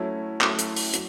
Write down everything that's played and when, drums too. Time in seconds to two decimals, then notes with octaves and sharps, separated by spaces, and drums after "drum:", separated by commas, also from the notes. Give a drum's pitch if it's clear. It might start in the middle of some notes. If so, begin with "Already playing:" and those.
Already playing: F#3 A3 C#4 E4
0.41 F#3 A3 C#4 E4, drum: clap
0.59 drum: hi-hat
0.76 drum: open hi-hat
0.94 F#3, drum: hi-hat